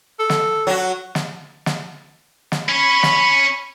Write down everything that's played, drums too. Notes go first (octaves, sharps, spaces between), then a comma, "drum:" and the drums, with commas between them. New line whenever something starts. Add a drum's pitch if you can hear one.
A4
drum: snare
F#3 F#4
drum: snare
drum: snare
drum: snare
C#4 C#5 B5
drum: snare